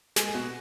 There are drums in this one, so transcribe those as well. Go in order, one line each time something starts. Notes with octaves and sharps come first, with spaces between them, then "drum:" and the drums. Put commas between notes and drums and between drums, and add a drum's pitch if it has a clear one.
G#3 G#4, drum: snare
G#4
B2 F#4